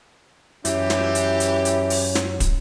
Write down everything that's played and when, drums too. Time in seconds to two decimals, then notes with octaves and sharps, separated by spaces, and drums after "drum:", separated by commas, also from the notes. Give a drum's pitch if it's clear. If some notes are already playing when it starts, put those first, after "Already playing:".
0.65 F#2 E3 F#3 C#4 E4 G4, drum: hi-hat
0.90 drum: snare
1.15 drum: hi-hat
1.40 drum: hi-hat
1.65 drum: hi-hat
1.90 drum: open hi-hat
2.15 drum: snare
2.40 drum: kick, hi-hat